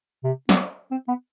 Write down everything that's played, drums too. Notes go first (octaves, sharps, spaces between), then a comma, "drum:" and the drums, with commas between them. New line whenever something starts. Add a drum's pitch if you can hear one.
C3
B3, drum: snare
C4
B3